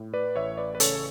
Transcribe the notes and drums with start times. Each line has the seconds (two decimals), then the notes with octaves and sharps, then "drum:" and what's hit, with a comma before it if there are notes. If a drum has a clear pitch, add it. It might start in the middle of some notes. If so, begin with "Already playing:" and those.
Already playing: A2
0.14 B4 D5
0.36 A1 C#5 E5
0.57 B4 D5
0.75 B4
0.80 C#3 A4 C#5, drum: hi-hat